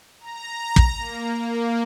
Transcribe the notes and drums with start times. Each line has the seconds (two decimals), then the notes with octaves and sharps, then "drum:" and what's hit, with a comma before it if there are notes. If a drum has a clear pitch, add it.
0.19 A#5
0.76 drum: kick
0.98 A#3
1.39 A#3